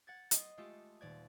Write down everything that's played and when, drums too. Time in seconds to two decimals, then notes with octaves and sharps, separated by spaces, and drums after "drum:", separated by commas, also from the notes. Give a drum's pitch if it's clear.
0.07 F#5 G#6 A6
0.31 D#5 C6, drum: hi-hat
0.57 G#3 A3 F4 G4 A4
1.01 D#1 D5 G#6